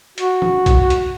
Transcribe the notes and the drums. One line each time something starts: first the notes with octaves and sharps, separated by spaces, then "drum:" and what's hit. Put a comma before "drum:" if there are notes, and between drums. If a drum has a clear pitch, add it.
F#4, drum: hi-hat
drum: tom
drum: kick B1, hi-hat
drum: hi-hat